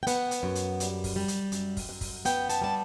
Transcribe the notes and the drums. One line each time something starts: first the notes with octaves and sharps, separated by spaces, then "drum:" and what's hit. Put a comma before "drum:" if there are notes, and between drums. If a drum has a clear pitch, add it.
G5
B3 F#5, drum: hi-hat
drum: hi-hat
F#2
drum: hi-hat
G3, drum: hi-hat
drum: kick, open hi-hat
G3
drum: hi-hat
F#2, drum: hi-hat
drum: kick, open hi-hat
F#2
drum: kick, open hi-hat
B3 G5, drum: hi-hat
A5, drum: hi-hat
G3 A5